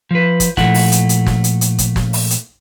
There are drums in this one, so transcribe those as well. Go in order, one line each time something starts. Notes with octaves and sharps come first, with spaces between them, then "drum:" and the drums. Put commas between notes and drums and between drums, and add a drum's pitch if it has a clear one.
F3 B4
drum: kick, hi-hat
A#2 F3 A3 E4 F#5, drum: snare
drum: open hi-hat
drum: hi-hat
drum: hi-hat
drum: snare
drum: hi-hat
drum: hi-hat
drum: kick, hi-hat
drum: snare
drum: open hi-hat
drum: hi-hat